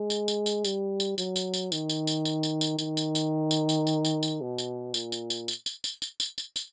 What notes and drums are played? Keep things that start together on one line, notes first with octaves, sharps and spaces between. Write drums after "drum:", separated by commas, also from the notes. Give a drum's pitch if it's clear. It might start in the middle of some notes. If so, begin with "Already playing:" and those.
Already playing: G#3
drum: tambourine
drum: tambourine
drum: tambourine
G3, drum: tambourine
drum: tambourine
F#3, drum: tambourine
drum: tambourine
drum: tambourine
D#3, drum: tambourine
drum: tambourine
drum: tambourine
drum: tambourine
drum: tambourine
drum: tambourine
D#3, drum: tambourine
drum: tambourine
drum: tambourine
drum: tambourine
drum: tambourine
drum: tambourine
drum: tambourine
drum: tambourine
B2
drum: tambourine
A#2, drum: tambourine
drum: tambourine
drum: tambourine
drum: tambourine
drum: tambourine
drum: tambourine
drum: tambourine
drum: tambourine
drum: tambourine
drum: tambourine